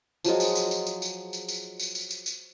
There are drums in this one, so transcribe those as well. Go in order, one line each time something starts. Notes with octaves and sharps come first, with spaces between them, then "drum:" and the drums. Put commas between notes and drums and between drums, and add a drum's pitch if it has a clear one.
F3 F#3 G#3 F4, drum: tambourine
drum: tambourine
drum: tambourine
drum: tambourine
drum: tambourine
drum: tambourine
drum: tambourine
drum: tambourine
drum: tambourine
drum: tambourine
drum: tambourine
drum: tambourine